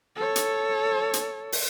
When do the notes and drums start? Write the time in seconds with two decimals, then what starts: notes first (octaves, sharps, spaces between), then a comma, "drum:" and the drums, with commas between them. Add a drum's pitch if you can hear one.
0.16 A4 C#5
0.36 drum: hi-hat
1.13 drum: hi-hat
1.52 drum: open hi-hat